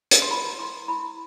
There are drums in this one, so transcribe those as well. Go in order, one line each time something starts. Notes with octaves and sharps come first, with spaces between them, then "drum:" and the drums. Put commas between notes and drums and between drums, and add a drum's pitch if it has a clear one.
drum: hi-hat
C6
E4 B5
E4 C6
E4 B5